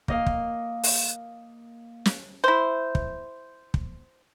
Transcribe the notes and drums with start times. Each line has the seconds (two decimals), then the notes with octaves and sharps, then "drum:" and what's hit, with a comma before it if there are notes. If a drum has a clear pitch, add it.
0.08 A#3 D#5 F5, drum: kick
0.26 drum: kick
0.83 drum: open hi-hat
2.06 drum: snare
2.44 E4 C5
2.95 drum: kick
3.74 drum: kick